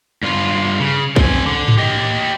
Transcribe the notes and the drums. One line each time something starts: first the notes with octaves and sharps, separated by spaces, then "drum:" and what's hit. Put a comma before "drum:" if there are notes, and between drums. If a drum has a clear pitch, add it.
G2 F4
C#3
C4 G#5, drum: kick
D3
drum: tom G#2
G4 D#5